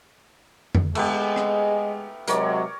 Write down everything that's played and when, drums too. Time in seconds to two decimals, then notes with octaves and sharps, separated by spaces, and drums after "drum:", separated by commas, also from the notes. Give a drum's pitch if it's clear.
0.75 drum: tom F2
0.95 G#3 A3 B3 G4, drum: cymbal
1.36 drum: rim click
2.28 C3 F#3 G#3 A#4 C#5 D5, drum: hi-hat